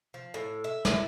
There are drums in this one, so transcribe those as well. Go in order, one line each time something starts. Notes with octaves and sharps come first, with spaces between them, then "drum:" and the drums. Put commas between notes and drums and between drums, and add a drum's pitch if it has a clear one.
F3
A2
E5
E4, drum: snare